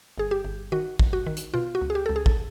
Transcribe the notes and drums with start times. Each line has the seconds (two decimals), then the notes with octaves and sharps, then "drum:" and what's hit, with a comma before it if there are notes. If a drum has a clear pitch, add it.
0.18 G1 G#4
0.31 G4
0.45 G1
0.72 D#3 F#4
0.99 G1, drum: kick
1.13 F#4
1.27 D#3
1.37 drum: hi-hat
1.54 B2 F4
1.75 F#4
1.81 C#2
1.90 G#4
1.95 G4
2.06 C#2 A4
2.16 G#4
2.26 A4, drum: kick